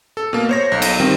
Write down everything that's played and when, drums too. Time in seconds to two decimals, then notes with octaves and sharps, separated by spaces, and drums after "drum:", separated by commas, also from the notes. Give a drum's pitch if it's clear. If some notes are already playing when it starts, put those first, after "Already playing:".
0.17 A4
0.33 B2 A#3
0.49 C5 C#5 A#6
0.72 B1
0.82 drum: cymbal
1.00 D#3 G3 C4